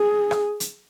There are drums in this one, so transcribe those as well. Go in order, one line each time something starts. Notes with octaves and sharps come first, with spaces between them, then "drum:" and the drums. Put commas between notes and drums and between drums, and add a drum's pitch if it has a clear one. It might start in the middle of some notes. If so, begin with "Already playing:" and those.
Already playing: G#4
drum: rim click
drum: hi-hat